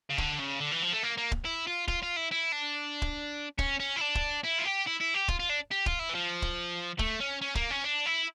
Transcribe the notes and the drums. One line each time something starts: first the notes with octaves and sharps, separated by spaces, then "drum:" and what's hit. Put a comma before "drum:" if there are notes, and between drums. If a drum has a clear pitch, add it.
C#3
D3, drum: kick
C#3
D3
E3
F3
A3
A#3
A#3
drum: kick
E4
F4
F4, drum: kick
F4
E4
E4
D4
drum: kick
C#4, drum: kick
C#4
E4
D4
drum: kick
E4
F4
G4
E4
E4
G4
F4, drum: kick
F4
D4
G4
F4, drum: kick
E4
E3
F3
drum: kick
A3, drum: kick
C#4
C#4
A#3, drum: kick
C#4
D4
E4